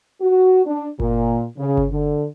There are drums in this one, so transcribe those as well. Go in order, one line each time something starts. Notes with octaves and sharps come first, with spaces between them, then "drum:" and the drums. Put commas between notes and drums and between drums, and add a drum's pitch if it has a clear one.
F#4
D4
A#2, drum: kick G1
C#3
drum: kick G1
D3